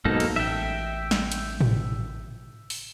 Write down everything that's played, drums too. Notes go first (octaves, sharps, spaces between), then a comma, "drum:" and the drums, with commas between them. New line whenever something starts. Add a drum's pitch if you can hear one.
B1 G#2 B2 A#3 D#4 A4
drum: cymbal
A1 E5 G5
drum: snare
drum: hi-hat
drum: tom
drum: open hi-hat